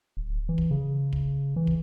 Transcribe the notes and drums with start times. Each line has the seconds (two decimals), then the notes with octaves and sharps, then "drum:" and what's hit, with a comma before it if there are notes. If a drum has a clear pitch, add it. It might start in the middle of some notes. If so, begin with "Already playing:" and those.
0.17 D1
0.49 E3
0.58 drum: kick
0.71 C#3
1.13 drum: kick
1.56 E3
1.67 drum: kick